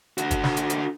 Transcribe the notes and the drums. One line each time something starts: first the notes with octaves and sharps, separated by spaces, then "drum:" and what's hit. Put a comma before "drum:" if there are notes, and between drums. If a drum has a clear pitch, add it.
D3 F#4, drum: hi-hat
drum: kick, hi-hat
drum: snare
drum: hi-hat
drum: hi-hat